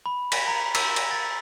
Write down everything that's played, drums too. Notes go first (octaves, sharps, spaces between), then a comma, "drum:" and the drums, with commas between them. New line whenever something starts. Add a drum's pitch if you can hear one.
B5
B6, drum: cymbal
A#5
E6, drum: cymbal
drum: cymbal
A6